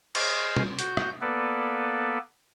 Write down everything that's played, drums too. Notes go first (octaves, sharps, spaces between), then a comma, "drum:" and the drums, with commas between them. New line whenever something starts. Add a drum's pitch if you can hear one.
G#4 C5 D#5 F6, drum: cymbal
drum: tom
F#4 G6, drum: hi-hat
drum: rim click
A#3 B3 A4 B4 D5